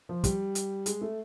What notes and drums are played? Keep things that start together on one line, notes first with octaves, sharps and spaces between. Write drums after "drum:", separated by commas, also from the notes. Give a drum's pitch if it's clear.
F3
G3, drum: kick, hi-hat
drum: hi-hat
G#3, drum: hi-hat
A3